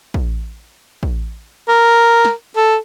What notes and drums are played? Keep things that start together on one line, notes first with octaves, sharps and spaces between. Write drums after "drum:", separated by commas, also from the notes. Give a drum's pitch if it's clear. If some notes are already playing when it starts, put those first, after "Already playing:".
drum: kick
drum: kick
A#4
drum: snare
A4